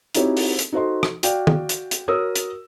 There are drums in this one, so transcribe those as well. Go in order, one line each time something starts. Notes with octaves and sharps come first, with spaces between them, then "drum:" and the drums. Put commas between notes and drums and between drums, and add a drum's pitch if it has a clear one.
C4 D#4 E4 F#4 G4 C#5, drum: hi-hat
drum: open hi-hat
drum: hi-hat
D#4 F#4 A4 C5 D#5 C6
drum: rim click
F#4 D5 F5 G5, drum: hi-hat
drum: tom
drum: hi-hat
drum: hi-hat
F#4 A#4 C#5 D#6 E6
drum: hi-hat